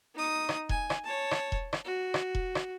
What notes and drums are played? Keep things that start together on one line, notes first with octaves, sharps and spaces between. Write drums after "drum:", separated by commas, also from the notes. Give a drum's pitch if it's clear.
D#4 D#6
drum: rim click
G#5, drum: kick E1
drum: rim click
C#5 A5
drum: rim click
drum: kick E1
drum: rim click
F#4
drum: rim click
drum: kick E1
drum: rim click